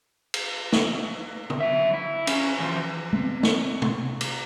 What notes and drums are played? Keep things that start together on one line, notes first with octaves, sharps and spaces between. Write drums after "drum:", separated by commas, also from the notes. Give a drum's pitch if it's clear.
drum: cymbal
drum: snare
drum: tom
F#3 E5
E4
C#4, drum: cymbal
E3 F3
G#3 B3 C4
drum: snare
drum: tom C3
drum: cymbal